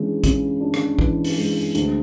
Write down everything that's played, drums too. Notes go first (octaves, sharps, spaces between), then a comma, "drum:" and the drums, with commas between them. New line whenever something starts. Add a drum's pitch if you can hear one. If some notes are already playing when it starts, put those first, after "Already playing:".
Already playing: C#3 E3 G#3 D4
C#3, drum: kick A1, hi-hat
D4
drum: rim click
E3, drum: kick A1
drum: open hi-hat
G#3
D2, drum: hi-hat